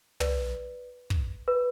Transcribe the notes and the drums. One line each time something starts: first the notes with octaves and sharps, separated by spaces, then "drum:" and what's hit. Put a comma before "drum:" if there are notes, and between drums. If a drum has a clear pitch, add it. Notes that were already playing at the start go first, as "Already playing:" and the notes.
B4 D5, drum: tom
drum: kick
B4